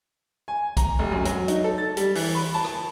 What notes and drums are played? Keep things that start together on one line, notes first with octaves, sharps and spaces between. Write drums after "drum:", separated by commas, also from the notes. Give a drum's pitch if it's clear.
G#5
A#5, drum: kick B1, hi-hat
F1
F#2
F#3, drum: hi-hat
D#4, drum: hi-hat
A4
A6
G3, drum: hi-hat
E3, drum: open hi-hat
B5
A5
drum: rim click